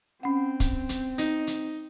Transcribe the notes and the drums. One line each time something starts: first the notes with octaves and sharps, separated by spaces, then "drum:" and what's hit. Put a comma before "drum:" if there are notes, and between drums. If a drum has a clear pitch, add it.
C4 C#4 F#5
drum: kick, hi-hat
drum: hi-hat
D#4, drum: hi-hat
drum: hi-hat